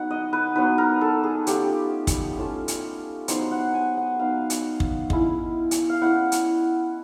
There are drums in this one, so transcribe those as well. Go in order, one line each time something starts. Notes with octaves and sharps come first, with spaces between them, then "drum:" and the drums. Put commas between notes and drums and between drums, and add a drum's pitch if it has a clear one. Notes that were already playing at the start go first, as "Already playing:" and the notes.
Already playing: F#3 B3 D#4 F#5
D#5
B4
F#3 B3 D#4 B4
A#4
A4
G#4
A3 C#4 F4 G4, drum: hi-hat
drum: kick, hi-hat
A3 C#4 F4
drum: hi-hat
F#3 B3 D#4 C5, drum: hi-hat
F#5
G#5
F#5
F#3 B3 D#4 F5
drum: hi-hat
drum: kick
G#3 C#4 E4, drum: kick
drum: hi-hat
F5
G#3 C#4 E4 F#5
drum: hi-hat